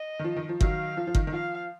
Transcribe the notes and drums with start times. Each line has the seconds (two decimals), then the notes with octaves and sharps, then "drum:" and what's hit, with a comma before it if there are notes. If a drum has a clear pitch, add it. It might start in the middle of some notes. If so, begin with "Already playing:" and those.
Already playing: D#5
0.19 D#3
0.24 F3
0.36 D#3
0.49 F3
0.61 D#3 F#3 F5, drum: kick G1
0.97 F3
1.07 F3
1.15 D#3, drum: kick G1
1.27 D#3
1.33 F3 F5